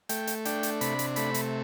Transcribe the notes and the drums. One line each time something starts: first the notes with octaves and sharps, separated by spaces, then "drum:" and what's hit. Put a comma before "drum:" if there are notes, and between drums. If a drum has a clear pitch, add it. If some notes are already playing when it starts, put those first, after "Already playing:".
A3 G5, drum: hi-hat
drum: hi-hat
D4 G5, drum: hi-hat
drum: hi-hat
C3 B5, drum: hi-hat
drum: hi-hat
A3 B5, drum: hi-hat
drum: hi-hat